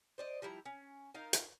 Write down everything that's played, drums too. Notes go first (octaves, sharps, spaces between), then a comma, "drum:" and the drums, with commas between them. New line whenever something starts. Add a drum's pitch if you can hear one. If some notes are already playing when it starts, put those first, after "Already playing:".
C5 D5 D#5
F3 G3 E4 A#5
C#4
D#4 F4 A#4 F5
drum: hi-hat